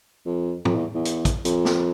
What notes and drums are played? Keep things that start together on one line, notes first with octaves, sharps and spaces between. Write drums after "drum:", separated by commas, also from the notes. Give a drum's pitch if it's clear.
F2
F2, drum: tom
E2
E2
drum: hi-hat
drum: kick, hi-hat
F2, drum: hi-hat
drum: snare